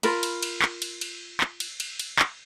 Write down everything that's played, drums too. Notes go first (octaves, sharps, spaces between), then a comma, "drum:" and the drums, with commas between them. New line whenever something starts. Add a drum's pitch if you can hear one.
F4 A#4 B5, drum: cymbal
drum: cymbal
drum: cymbal
drum: clap
drum: cymbal
drum: cymbal
drum: clap
drum: cymbal
drum: cymbal
drum: cymbal
drum: clap